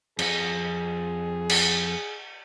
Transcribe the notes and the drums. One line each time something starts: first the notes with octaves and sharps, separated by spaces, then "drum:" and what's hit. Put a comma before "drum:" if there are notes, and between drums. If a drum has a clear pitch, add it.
F2 G#4 D#5, drum: cymbal
drum: cymbal